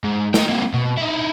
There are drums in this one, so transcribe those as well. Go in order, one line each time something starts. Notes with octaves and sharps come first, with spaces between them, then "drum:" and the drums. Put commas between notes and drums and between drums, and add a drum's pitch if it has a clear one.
G#2
D#5 G5, drum: snare
A#3 C4
B2
D#4 E4